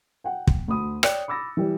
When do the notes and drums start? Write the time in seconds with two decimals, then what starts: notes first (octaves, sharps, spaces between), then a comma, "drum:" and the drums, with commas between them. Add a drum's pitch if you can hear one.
0.24 F#5 G5
0.47 drum: kick
0.68 D2 B5 D#6
1.03 C#5 D5 G5 F#6 C#7, drum: rim click
1.28 B5 D6 E6 A6 A#6
1.57 E3 G3